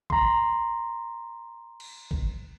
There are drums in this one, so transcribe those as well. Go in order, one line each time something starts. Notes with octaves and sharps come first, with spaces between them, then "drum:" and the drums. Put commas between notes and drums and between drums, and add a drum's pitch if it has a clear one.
A#5 C6, drum: kick G1
drum: cymbal
drum: kick G1